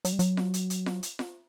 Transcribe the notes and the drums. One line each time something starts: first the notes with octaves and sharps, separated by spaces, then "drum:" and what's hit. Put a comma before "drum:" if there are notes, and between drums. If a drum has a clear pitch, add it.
F#3, drum: hi-hat
G3
F#3, drum: hi-hat
drum: snare F4
drum: hi-hat
drum: hi-hat
drum: snare F4
drum: hi-hat
drum: snare F4